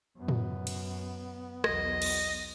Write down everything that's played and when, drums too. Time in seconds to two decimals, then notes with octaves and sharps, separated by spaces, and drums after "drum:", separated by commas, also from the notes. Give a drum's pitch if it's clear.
0.17 F#2 B3
0.28 drum: tom A2
0.67 drum: cymbal
1.64 B1 E2 D#5, drum: rim click
2.02 drum: cymbal